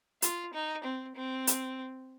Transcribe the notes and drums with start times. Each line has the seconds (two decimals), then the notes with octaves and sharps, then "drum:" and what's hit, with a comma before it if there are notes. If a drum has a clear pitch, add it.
0.22 F4, drum: hi-hat
0.54 D#4
0.84 C4
1.15 C4
1.47 drum: hi-hat